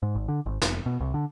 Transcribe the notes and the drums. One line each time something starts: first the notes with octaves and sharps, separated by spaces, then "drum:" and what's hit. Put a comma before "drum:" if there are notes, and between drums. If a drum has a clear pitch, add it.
G#2
G#1
D3
G#1
F1, drum: snare
B2
C2
D3